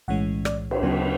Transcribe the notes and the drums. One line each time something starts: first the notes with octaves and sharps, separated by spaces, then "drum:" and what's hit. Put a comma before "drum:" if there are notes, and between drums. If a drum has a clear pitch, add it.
B1 A2 E3 G#3 C#4 F#5
D5, drum: rim click
drum: cymbal
D2 C#3 F#3 B3